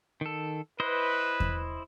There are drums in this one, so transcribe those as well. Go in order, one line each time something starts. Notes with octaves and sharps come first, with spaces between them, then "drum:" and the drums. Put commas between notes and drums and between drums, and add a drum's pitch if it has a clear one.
D#3 A4
E4 B4 C5 D#5
drum: kick E2